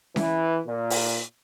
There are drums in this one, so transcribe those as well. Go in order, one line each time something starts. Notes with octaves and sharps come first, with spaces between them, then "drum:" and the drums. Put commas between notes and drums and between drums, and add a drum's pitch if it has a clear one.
E3, drum: snare C#4
A#2
drum: open hi-hat